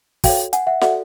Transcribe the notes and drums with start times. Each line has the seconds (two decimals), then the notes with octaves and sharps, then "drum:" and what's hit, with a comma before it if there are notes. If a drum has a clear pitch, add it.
0.24 F#4 A4 C#5 F5 G5, drum: kick, open hi-hat
0.53 F#5 G#5, drum: hi-hat
0.67 E5 F#5
0.81 F#4 A4 D5 E5 F#5, drum: snare